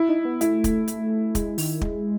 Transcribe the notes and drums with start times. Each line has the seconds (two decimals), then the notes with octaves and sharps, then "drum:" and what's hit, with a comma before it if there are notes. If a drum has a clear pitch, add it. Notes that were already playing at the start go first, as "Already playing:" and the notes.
Already playing: E4
0.09 D#4
0.25 B3
0.41 A3 E4, drum: hi-hat
0.64 drum: kick, hi-hat
0.88 drum: hi-hat
1.35 G#3, drum: kick, hi-hat
1.58 D#3, drum: open hi-hat
1.81 G#3, drum: kick